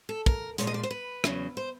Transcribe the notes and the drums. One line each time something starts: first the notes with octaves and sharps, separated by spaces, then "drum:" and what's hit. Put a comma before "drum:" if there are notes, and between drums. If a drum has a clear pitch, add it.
A4
A#4, drum: kick
A#2 F3 G#3 C#5, drum: hi-hat
D#5
D5
C5
B4
E2 C#3 F#3, drum: rim click
C5